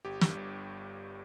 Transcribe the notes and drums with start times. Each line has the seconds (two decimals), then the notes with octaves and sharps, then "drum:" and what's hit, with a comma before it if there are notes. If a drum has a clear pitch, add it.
0.05 G1 G4
0.21 G2, drum: snare
0.37 G1